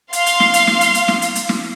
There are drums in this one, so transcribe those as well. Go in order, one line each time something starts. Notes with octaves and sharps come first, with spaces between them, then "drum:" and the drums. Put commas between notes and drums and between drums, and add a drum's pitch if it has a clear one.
F5 C6, drum: hi-hat
drum: hi-hat
drum: snare
drum: hi-hat
drum: snare
drum: hi-hat
drum: hi-hat
drum: snare
drum: hi-hat
drum: hi-hat
drum: snare